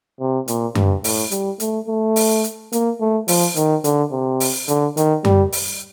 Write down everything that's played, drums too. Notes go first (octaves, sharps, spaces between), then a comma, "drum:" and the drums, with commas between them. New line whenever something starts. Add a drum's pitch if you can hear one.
C3
A#2, drum: hi-hat
G2, drum: tom F#2
A2, drum: open hi-hat
G3, drum: hi-hat
A3, drum: hi-hat
A3
drum: open hi-hat
drum: hi-hat
A#3, drum: hi-hat
A3
F3, drum: open hi-hat
D#3, drum: hi-hat
D3, drum: hi-hat
C3
drum: open hi-hat
D3, drum: hi-hat
D#3, drum: hi-hat
G3, drum: tom F#2
drum: open hi-hat